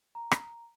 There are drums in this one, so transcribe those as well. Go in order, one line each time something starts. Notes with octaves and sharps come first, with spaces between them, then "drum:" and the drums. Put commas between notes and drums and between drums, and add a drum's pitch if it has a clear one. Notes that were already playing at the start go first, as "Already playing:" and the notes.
A#5
drum: rim click